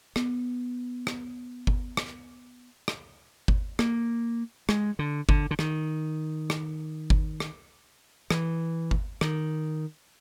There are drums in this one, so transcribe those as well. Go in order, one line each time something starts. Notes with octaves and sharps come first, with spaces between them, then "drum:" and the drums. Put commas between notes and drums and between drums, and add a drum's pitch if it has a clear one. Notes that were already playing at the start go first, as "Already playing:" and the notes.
B3, drum: rim click
drum: rim click
drum: kick G1
drum: rim click
drum: rim click
drum: kick G1
A#3, drum: rim click
G#3, drum: rim click
D3
D3, drum: kick G1
D3
D#3, drum: rim click
drum: rim click
drum: kick G1
drum: rim click
E3, drum: rim click
drum: kick G1
D#3, drum: rim click